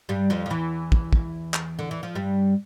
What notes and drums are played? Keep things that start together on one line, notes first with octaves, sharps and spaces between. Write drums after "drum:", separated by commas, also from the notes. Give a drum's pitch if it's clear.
G2 G3
F2 F3
F3
E2 E3
drum: kick
drum: kick
drum: clap
D3
E3
F3
G2 G3